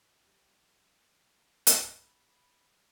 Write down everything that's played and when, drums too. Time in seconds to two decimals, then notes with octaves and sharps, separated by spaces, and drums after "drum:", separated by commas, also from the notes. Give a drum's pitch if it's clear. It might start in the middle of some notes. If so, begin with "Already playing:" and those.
0.24 A#1 G3
1.67 drum: hi-hat
1.94 B5